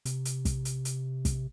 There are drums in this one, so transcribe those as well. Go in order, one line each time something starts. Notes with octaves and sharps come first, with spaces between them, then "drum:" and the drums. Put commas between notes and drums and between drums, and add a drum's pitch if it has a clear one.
C3, drum: hi-hat
drum: hi-hat
drum: kick, hi-hat
drum: hi-hat
drum: hi-hat
drum: kick, hi-hat